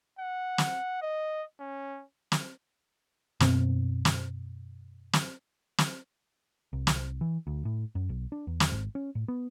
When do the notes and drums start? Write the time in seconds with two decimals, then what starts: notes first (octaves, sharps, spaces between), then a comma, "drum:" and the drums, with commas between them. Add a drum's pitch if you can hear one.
0.19 F#5
0.58 drum: snare
1.02 D#5
1.60 C#4
2.32 drum: snare
3.40 F#2 B2 C4, drum: snare
4.05 drum: snare
5.13 drum: snare
5.78 drum: snare
6.73 C2
6.87 drum: snare
7.21 E3
7.47 D2
7.65 A2
7.95 F#2
8.09 B1
8.32 D4
8.47 E2
8.60 drum: snare
8.72 G#1
8.95 C#4
9.15 A2
9.28 B3